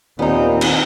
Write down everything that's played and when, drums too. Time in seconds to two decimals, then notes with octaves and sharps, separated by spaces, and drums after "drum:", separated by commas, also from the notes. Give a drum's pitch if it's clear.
0.19 D#2 A#2 B3 C4 D#4
0.61 drum: cymbal